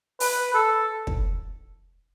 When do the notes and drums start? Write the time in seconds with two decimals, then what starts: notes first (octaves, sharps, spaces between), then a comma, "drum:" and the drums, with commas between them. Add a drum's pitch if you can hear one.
0.20 B4, drum: open hi-hat
0.54 A4
1.07 drum: kick